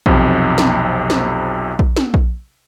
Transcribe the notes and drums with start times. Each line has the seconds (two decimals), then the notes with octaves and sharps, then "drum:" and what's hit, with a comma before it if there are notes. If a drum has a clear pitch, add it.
0.06 B1 F2 C3, drum: kick A#1
0.58 drum: snare
1.10 drum: snare
1.79 drum: kick A#1
1.96 drum: snare
2.14 drum: kick A#1